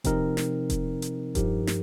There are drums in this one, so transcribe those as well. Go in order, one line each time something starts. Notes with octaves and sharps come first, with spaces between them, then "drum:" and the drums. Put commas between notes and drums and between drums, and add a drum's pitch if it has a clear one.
C3 F3 C4 D#4 A#4, drum: kick E1, hi-hat
drum: snare
drum: kick E1, hi-hat
drum: hi-hat
G2 F3 D#4 G4 A#4, drum: kick E1, hi-hat
drum: snare